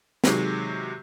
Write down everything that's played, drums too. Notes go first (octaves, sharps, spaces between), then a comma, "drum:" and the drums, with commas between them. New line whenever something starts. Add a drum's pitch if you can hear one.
C3 D#3 F#3 G#3, drum: snare